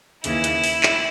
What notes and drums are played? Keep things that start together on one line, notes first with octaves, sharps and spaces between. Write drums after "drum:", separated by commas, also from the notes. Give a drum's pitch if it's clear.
D#2 C#3 E3 E4, drum: hi-hat
drum: hi-hat
drum: open hi-hat
drum: clap